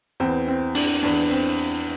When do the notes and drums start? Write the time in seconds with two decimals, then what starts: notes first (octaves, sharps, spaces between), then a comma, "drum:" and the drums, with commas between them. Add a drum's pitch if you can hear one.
0.20 E2 E3 C4
0.48 C4
0.75 D4, drum: open hi-hat
1.03 E2 E3 D4
1.31 C4